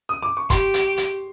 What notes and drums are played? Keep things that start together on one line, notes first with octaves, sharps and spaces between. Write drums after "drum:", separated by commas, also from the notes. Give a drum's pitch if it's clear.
D#6
D6
C#6
G4 C6, drum: kick, hi-hat
drum: hi-hat
drum: hi-hat